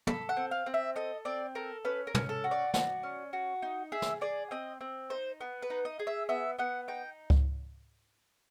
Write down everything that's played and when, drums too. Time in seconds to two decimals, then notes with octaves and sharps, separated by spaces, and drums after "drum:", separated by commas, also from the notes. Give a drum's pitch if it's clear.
0.07 A4 B5, drum: tom
0.29 F#5
0.37 C4
0.51 F5
0.66 C4
0.74 E5
0.96 A4 D#5
1.25 C4 D5
1.55 A4 A#4
1.85 C#4 B4
2.07 A#4
2.14 C#4, drum: tom
2.29 A4
2.44 F#4
2.51 D5
2.74 F#4, drum: snare
3.03 C#4
3.33 F#4
3.62 D#4
3.92 G#4 E5
4.02 drum: snare
4.21 G#4 D5
4.51 C4 D#5
4.81 C4
5.10 D#4 C5
5.41 B3
5.62 B4
5.70 D#4
5.85 D#5
5.99 G#4
6.07 E5
6.29 B3 E5
6.58 B3 F#5
6.88 D#4 G5
7.30 drum: kick C#2